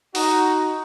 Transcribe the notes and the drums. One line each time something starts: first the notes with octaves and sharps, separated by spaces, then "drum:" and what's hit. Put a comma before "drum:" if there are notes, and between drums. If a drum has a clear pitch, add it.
D#4 F#4, drum: open hi-hat